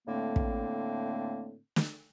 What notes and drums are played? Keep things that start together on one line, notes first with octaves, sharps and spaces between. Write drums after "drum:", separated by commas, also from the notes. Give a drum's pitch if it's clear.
A2 D3 A3 A#3 C4
drum: kick
drum: snare